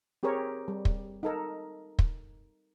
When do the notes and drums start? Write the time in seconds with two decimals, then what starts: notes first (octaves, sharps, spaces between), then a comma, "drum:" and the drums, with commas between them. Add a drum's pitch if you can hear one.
0.23 C4 G4 G#4 A#4 C#5
0.68 G3
0.85 drum: kick
1.23 D#4 A4 A#4
1.99 drum: kick